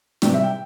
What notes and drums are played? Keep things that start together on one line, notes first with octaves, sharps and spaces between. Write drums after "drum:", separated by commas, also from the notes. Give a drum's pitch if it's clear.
C3 E3 G3 G5, drum: snare
E5
G5